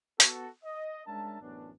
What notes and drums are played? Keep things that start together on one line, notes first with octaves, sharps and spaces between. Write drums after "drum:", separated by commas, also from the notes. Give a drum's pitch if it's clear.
B3 F#4 A4, drum: hi-hat
D#5
G#3 C#4 D4 A#4 E5 A5
A1 F#2 B3 C#4 D4